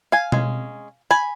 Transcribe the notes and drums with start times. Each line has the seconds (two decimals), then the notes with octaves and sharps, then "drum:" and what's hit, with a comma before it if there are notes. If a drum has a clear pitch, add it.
0.12 F5 G#5
0.32 G#3 C#4, drum: tom B2
1.11 G#5 B5